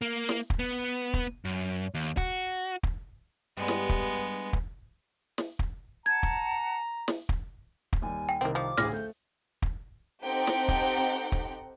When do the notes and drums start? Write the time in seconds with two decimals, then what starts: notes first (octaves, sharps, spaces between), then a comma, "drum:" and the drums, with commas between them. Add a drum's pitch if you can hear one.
0.02 A#3
0.29 drum: snare
0.50 drum: kick
0.59 B3
1.14 drum: kick
1.45 F#2
1.94 D#2
2.17 F#4, drum: kick
2.83 drum: kick
3.57 G2 G#3 B3
3.68 drum: snare
3.89 drum: kick
4.53 drum: kick
5.38 drum: snare
5.59 drum: kick
6.06 F#5 A5 A#5 G#6
6.23 drum: kick
7.08 drum: snare
7.29 drum: kick
7.93 drum: kick
8.02 D#2 G3 G#5
8.29 G5
8.41 C2 D#3 A#3 C4
8.55 F3 D6
8.77 A1 D2 G#4 F6 A#6, drum: snare
8.93 A3 G6
9.62 drum: kick
10.23 C4 D#4 G4 A4 F#5 G5
10.47 drum: snare
10.68 drum: kick
11.32 drum: kick